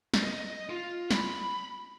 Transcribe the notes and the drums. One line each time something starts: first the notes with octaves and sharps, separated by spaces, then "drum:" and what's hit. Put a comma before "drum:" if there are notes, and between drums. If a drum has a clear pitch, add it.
drum: snare
D#5
F4
B5, drum: snare